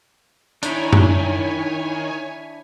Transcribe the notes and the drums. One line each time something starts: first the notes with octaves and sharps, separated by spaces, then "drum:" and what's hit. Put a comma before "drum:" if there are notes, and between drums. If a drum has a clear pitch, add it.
D#3 D4 E4 C#5 G#5, drum: hi-hat
drum: tom F#2